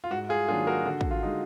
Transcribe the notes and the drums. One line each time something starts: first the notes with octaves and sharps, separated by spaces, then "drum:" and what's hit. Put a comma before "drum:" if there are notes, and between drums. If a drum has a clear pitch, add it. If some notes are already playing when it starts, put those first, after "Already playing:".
F4
G#2 F#4
F4 G#4
D#3 F#3 A#3 D4 F4 G#4
F#4 A#4
D3 F#4
drum: kick
F4
G#3 D#4